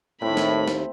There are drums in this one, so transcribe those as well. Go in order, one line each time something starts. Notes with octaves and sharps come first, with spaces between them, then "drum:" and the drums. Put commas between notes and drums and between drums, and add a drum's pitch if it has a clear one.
D#2 A2 A3 C4 E4 B5
drum: snare
drum: snare